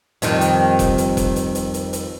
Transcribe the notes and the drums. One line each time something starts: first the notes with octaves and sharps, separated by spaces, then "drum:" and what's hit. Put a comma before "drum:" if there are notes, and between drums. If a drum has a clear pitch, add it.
F2 D#3 G3, drum: hi-hat
drum: hi-hat
drum: kick F1, hi-hat
drum: hi-hat
drum: kick F1, hi-hat
drum: hi-hat
drum: hi-hat
drum: hi-hat
drum: hi-hat